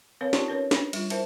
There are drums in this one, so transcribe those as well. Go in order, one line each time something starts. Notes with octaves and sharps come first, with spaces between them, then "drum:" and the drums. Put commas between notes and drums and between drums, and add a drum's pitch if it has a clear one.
C4 A#4 B4 C#5 F5
D#4 F4 G4 D5 A5, drum: snare
C#4 A#4 B4 C#5
D4 B4, drum: snare
G3 F4, drum: cymbal
E4 A#4 C5 E5 A5, drum: cymbal